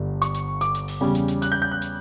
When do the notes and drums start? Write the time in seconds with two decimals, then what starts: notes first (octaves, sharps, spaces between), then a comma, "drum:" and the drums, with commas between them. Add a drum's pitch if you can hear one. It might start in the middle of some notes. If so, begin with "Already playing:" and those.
Already playing: G1 G2 D3
0.22 C#6, drum: hi-hat
0.34 drum: hi-hat
0.61 D6, drum: hi-hat
0.75 drum: hi-hat
0.88 drum: open hi-hat
1.01 E2 C#3 G3 C#4
1.15 drum: hi-hat
1.28 drum: hi-hat
1.42 F#6, drum: hi-hat
1.52 G6
1.62 G6
1.71 F#6
1.82 drum: hi-hat